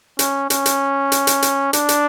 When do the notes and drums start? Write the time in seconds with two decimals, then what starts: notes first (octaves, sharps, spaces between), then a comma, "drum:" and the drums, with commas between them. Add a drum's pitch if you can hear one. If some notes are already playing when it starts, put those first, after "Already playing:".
0.19 C#4, drum: hi-hat
0.50 C#4, drum: hi-hat
0.66 drum: hi-hat
1.12 drum: hi-hat
1.27 drum: hi-hat
1.42 drum: hi-hat
1.73 D4, drum: hi-hat
1.89 drum: hi-hat